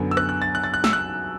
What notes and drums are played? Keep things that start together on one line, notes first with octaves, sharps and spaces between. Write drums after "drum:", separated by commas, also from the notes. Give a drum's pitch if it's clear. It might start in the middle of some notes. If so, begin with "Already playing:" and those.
Already playing: F#2 D3 B3
E6
F#6, drum: rim click
F#6
A6
F#6
A6
F#6
E6, drum: snare
F#6